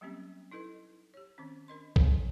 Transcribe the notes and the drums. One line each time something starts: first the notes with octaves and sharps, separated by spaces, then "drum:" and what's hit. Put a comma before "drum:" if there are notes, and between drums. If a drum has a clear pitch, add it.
F#3 G3 A#3 C4 C#4 G4
D#4 E4 A4 B4 D#5
G4 C#5
D#3 C4 C#4
D4 A#4 D#5 C6
G#4 C5 C#5 F5 G#5, drum: kick B1